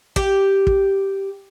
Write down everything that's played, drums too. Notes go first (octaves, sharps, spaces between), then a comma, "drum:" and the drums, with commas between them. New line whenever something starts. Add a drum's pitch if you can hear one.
G4, drum: kick
drum: kick